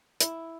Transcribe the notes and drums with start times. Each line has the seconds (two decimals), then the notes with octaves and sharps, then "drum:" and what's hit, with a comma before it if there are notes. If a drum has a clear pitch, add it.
0.20 E4, drum: hi-hat